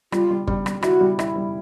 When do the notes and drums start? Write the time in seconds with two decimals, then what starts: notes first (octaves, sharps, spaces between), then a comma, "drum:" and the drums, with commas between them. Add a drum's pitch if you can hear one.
0.12 G3 F4, drum: rim click
0.31 G3
0.47 G3, drum: kick
0.66 G3, drum: rim click
0.83 E4 F#4, drum: rim click
1.01 G3
1.19 E4, drum: rim click
1.36 G3